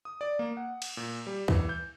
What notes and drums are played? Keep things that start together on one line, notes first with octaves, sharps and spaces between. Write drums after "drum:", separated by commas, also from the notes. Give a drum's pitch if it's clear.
D#6
D5
A#3
F#5
drum: cymbal
A#2
G3
E3, drum: kick
G6